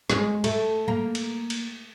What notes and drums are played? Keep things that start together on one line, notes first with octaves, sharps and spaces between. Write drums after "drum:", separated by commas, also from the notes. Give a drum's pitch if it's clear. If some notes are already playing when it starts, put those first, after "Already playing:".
G#3, drum: snare
A3, drum: cymbal
A#3
drum: cymbal
drum: cymbal